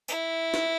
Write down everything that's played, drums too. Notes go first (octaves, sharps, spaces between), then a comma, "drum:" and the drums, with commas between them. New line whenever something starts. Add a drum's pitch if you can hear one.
E4, drum: tambourine
drum: snare